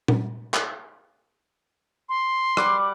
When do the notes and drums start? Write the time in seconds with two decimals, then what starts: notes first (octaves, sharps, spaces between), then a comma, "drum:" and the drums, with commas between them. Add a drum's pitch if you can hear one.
0.08 drum: tom A#2
0.54 drum: clap
2.09 C6
2.57 G3 F#5 D6, drum: rim click